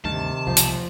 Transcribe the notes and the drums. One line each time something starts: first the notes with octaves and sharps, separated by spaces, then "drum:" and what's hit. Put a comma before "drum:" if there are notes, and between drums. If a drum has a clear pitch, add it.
D2 G2 C3 D#3 A5
E1 C2 F3
drum: hi-hat